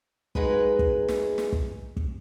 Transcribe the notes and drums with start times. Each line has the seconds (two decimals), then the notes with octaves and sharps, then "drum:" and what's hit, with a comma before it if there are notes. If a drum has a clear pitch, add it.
0.35 F#3 G#3 D#4 G#4 B4, drum: kick
0.79 drum: kick
1.08 drum: snare
1.38 drum: snare
1.52 drum: kick
1.97 drum: kick